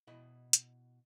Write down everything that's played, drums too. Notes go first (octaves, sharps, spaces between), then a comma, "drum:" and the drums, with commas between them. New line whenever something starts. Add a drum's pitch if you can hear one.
B2 E4 D#5
drum: hi-hat